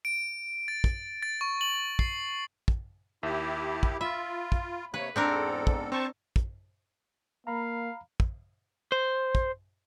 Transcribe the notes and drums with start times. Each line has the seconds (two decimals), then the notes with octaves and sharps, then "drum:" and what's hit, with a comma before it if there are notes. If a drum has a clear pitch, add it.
0.05 D7
0.68 A6
0.84 drum: kick
1.23 A6
1.41 C#6
1.61 F#7
1.99 C7, drum: kick
2.68 drum: kick
3.23 D#2 E4 G4 E5
3.83 drum: kick
4.01 F4 E5 B5
4.52 drum: kick
4.94 C3 A#3 B4 C#5
5.16 E2 G#2 C4 D4 A4 A#4
5.67 drum: kick
5.92 C4 C5 A5 C#6
6.36 drum: kick
7.47 A#3 F5 A#5 B5
8.20 drum: kick
8.92 C5
9.35 drum: kick